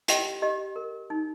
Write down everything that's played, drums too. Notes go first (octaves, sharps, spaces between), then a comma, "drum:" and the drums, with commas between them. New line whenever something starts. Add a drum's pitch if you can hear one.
G4 D#5 G5, drum: hi-hat
G4 D#5
A#4
D#4